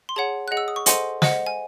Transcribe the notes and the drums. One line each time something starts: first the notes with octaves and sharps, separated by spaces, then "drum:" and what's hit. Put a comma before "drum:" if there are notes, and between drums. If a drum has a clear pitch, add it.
C6
G#4 C#5 F#5 A5
G#4 D#5 F#5 F#6
E6
D#6
C#6
A4 C5 D#5 F#5 G#5 C6, drum: hi-hat
C5 D#5 F#5, drum: snare
G#5